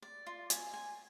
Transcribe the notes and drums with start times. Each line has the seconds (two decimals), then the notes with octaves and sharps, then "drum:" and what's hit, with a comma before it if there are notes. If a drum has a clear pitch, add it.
0.02 D5
0.27 F4
0.50 G#5, drum: hi-hat
0.74 G#5